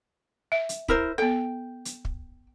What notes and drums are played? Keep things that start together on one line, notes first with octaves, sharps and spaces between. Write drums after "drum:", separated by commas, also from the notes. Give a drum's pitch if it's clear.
E5
drum: hi-hat
E4 A#4 C5, drum: kick
B3 A4 G5
drum: hi-hat
drum: kick